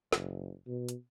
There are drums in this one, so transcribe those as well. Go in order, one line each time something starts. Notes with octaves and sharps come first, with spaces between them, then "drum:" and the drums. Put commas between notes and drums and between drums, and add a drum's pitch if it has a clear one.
F#1, drum: snare
B2
drum: hi-hat